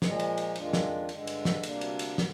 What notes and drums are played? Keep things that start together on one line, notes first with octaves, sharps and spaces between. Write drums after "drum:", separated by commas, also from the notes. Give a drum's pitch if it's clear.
A#2 F3 G#3, drum: snare
drum: cymbal
drum: cymbal
F2 D#3 G#3 D4 F4, drum: cymbal
drum: snare
G2 D3 G#3, drum: cymbal
drum: cymbal
drum: snare
D2 C3 G3 A#3 D4, drum: cymbal
drum: cymbal
drum: cymbal
D3, drum: snare